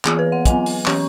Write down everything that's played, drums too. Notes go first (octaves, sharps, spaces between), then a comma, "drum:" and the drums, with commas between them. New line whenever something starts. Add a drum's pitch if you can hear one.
E3 B3 G#4, drum: clap
B4
F#5
F#3 B3 G#5, drum: kick, hi-hat
drum: open hi-hat
E3 C#4 C#6, drum: clap